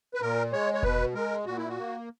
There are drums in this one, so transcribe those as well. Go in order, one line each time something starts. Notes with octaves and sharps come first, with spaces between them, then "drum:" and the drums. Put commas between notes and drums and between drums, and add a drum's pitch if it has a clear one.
B4
A#2 A#4
G#3 C#5
C#5
B2 B4, drum: kick F1
G#3 A#4
A#2 F#4
E4
F#4
A#3